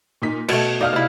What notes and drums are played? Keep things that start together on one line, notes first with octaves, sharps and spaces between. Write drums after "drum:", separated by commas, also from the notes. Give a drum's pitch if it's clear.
A#2 D#4 B6
B2 A3 G#6 C#7 D7, drum: cymbal
D#4 D5 F5 F6
C3 E4